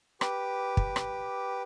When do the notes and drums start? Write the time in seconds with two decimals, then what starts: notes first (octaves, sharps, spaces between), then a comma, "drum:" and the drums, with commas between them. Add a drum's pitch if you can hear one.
0.21 G4 B4 D6, drum: rim click
0.77 drum: kick
0.96 drum: rim click